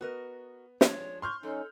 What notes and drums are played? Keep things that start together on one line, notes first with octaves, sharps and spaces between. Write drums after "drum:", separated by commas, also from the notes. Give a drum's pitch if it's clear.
B3 F#4 A#4 D#5
F3 G#3 D4 C#5, drum: snare
C6 C#6 F6 G6
F#2 C#4 D#4 A4